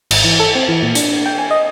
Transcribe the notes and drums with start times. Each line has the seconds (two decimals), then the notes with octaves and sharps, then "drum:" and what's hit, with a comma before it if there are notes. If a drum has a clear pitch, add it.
0.11 G#1, drum: cymbal
0.24 E3
0.40 A4
0.55 C4
0.69 E3
0.83 A#2
0.95 D4, drum: hi-hat
1.26 G5
1.39 G#5
1.51 D#5